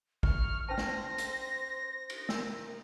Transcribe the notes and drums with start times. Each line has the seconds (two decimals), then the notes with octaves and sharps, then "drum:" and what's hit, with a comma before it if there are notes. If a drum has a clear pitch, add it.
0.23 C#6 F6, drum: kick
0.69 C#4 B4 C5 A5 A#6
0.78 drum: snare
1.18 drum: hi-hat
2.10 drum: cymbal
2.29 A#3 E6, drum: snare